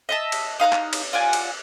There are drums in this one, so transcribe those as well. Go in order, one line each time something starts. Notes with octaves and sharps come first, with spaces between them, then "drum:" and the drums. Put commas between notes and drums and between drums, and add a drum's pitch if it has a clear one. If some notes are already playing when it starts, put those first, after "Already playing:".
D#5 E5 A5
drum: cymbal
D#4 F5 A#5 F#6
drum: clap
drum: cymbal
F4 D5 F#5 G#5
drum: cymbal